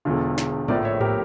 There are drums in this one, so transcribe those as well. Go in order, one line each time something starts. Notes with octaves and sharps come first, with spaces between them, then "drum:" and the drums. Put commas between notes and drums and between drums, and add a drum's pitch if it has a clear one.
E1 E2 D3 F4 A4
drum: snare
A#1 A2 F3 A3 A#4 D5, drum: tom G#2
C#5 E5
G4 A#4, drum: tom G#2